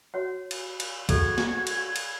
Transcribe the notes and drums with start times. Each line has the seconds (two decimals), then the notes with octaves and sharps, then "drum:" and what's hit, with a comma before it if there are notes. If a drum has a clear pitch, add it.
0.14 F#4 C#5 F#5
0.51 drum: cymbal
0.80 drum: cymbal
1.09 F#4 G#4 A4 C#6 G#6, drum: kick, cymbal
1.38 drum: snare
1.67 drum: cymbal
1.96 drum: cymbal